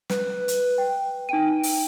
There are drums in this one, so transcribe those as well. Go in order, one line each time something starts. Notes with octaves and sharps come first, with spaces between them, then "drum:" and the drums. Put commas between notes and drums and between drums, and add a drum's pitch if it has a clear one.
B4, drum: snare
drum: hi-hat
G5
D#4 G5 D#7
drum: open hi-hat